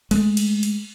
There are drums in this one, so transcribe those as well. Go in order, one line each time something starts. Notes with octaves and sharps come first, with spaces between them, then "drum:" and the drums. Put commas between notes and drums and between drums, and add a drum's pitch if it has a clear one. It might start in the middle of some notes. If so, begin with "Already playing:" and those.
G#3 A3, drum: cymbal
drum: cymbal
drum: cymbal